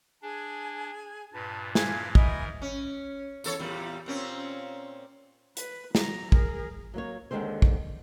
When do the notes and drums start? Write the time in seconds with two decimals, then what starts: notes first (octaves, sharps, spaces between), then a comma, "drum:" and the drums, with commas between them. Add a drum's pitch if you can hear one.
0.22 D4 G#4 G#5
1.33 G2 A#2 B4 A5
1.75 E4 F5 G#5, drum: snare
2.15 G#2 A#4 D#5 E5 G#5 B5, drum: kick
2.62 C#4
3.44 E2 A4 C#5, drum: tambourine
3.59 E2 A#2 G3
4.06 A#2 C4 C#4
5.57 B4, drum: hi-hat
5.95 F#3 A#5, drum: snare
6.32 G#4 A#4, drum: kick
6.94 F#3 A#3 C#5
7.31 D#2 D3 D#3 G#3 C4 C5
7.62 drum: kick